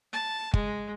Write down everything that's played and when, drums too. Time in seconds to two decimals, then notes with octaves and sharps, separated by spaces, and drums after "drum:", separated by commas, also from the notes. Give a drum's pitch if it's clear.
0.13 A5
0.54 G#3, drum: kick